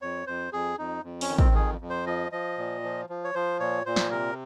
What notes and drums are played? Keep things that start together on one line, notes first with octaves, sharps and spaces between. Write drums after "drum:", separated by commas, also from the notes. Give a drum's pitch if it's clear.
F2 C#5
F2 C5
F2 G#4
F2 D#4
F2
C#4, drum: open hi-hat
D#3
C4, drum: kick
F2 G#4
F2
C5
F3 D#5
F3 D#5
A#2
F3
F3
C#5
F3 C5
A#2 C#5
A#2 C5
drum: snare
C3 A#4